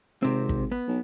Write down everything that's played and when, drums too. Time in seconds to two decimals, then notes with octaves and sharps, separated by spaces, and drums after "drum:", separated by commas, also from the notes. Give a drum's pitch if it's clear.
0.23 G#1 C3 C4
0.49 drum: kick
0.72 B3
0.88 B1